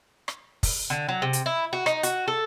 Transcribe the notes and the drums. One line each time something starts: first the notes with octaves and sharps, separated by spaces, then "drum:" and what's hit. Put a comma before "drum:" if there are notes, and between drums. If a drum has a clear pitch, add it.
drum: rim click
drum: kick, open hi-hat
D3
F#3
C3
drum: hi-hat
E4
F#4
D#4, drum: rim click
F#4, drum: hi-hat
A4